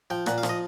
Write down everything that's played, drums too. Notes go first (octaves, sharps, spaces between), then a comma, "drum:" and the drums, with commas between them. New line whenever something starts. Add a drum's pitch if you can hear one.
F3 G5
A#2 F#5, drum: rim click
F5
F3, drum: rim click
D#5